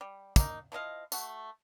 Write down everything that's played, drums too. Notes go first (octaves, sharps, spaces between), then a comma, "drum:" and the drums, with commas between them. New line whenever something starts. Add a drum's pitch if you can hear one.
G3
A#3 D#4, drum: kick, tambourine
F3 E4 D#5 F5
A3 F#4, drum: tambourine